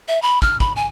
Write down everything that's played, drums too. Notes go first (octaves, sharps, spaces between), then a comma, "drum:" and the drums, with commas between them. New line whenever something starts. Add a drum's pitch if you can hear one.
E5
B5
F6, drum: kick
B5, drum: kick
G#5